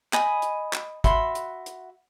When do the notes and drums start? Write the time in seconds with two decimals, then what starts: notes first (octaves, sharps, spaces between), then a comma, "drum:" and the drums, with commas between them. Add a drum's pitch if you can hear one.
0.13 D#5 G#5 B5, drum: clap
0.42 drum: hi-hat
0.73 drum: clap
1.04 F#4 E5 B5 C6, drum: kick, hi-hat
1.35 drum: hi-hat
1.66 drum: hi-hat